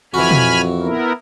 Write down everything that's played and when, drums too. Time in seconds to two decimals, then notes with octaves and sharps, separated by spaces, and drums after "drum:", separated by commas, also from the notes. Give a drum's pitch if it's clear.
0.14 F2 E3 F#4 G#5 B5 F6
0.31 drum: tom
0.81 B3 E4 A#4